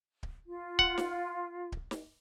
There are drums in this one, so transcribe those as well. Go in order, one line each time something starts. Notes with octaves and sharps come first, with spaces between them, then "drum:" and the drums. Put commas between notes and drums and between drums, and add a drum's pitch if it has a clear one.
drum: kick D1
F4
F#5, drum: kick D1
drum: snare
drum: kick D1
drum: snare